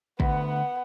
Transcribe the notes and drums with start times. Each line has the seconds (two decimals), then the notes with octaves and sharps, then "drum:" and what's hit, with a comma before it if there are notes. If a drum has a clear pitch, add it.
0.20 D2 B3 F#5, drum: kick